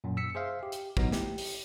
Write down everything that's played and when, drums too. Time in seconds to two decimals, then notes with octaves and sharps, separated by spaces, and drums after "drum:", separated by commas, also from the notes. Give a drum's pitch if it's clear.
0.04 F#2 A#2
0.17 E6 B6 C#7
0.35 G#4 C5 E5 F5
0.63 G4
0.72 drum: hi-hat
0.97 F#3 B3 D#4, drum: kick
1.12 G4, drum: snare
1.38 drum: open hi-hat